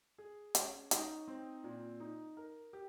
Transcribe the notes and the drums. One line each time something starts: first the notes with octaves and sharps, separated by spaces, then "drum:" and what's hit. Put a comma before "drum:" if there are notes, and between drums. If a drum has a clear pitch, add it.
G#4
C#4, drum: hi-hat
D#4, drum: hi-hat
C4
A#2
D#4
A#4
G4